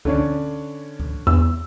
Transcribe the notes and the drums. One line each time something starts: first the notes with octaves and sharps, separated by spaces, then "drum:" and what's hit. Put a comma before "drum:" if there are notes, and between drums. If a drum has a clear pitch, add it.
D3 C#4 D4, drum: kick C#2
drum: kick C#2
E2 E6